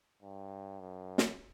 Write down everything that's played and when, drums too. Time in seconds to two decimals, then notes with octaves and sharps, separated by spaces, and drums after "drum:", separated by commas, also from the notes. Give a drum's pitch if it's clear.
0.22 G2
0.80 F#2
1.18 drum: snare